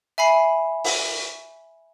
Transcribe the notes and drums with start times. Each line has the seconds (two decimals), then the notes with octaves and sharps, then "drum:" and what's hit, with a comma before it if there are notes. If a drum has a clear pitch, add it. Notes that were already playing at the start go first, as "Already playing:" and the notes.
0.18 E5 G#5 B5 C7
0.84 drum: open hi-hat